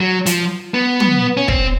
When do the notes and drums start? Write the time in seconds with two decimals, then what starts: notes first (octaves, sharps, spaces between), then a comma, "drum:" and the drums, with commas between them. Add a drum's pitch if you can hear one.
0.01 F#3
0.26 F3, drum: hi-hat
0.74 B3
1.00 drum: tom
1.37 C#4
1.48 C4, drum: kick